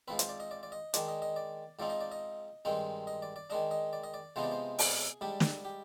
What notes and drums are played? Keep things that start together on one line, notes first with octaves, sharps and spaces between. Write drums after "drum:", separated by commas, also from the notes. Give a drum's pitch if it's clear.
G#2 F3 C4 B4
C5, drum: hi-hat
D5
D#5
D5
D5
D#5
D#3 G#3 D4 D5, drum: hi-hat
D#5
D#5
D5
G#2 F3 C4 D#4 D5
D#5
D5
D#5
G2 D#3 G#3 C4 D#4
D#5
D5
D5
D#3 G#3 D4 D#5
D#5
D5
D#5
D5
C3 F3 G#3 B3 D#4 C5
D5
C5
G#4, drum: open hi-hat
G#2 G3 D4 G4
drum: snare
G4